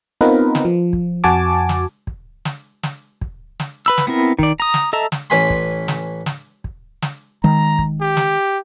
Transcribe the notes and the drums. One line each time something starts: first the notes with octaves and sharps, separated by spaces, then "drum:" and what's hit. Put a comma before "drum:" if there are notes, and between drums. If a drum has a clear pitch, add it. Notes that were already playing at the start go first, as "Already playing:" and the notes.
B3 C4 D#4 F4 A#4 B4
drum: snare
F3
drum: kick
F2 F#4 G#5 A5 D6
drum: snare
drum: kick
drum: snare
drum: snare
drum: kick
drum: snare
B4 B5 E6
drum: snare
B3 C4 E4 A#4
D#3 D5, drum: kick
A#5 D#6
drum: snare
A4 D#5 E5 A5 A#5
drum: snare
A1 C#4 B4 G#5 B5 C6
drum: kick
drum: snare
drum: snare
drum: kick
drum: snare
D#3 G#3 A#5
drum: kick
G4
drum: snare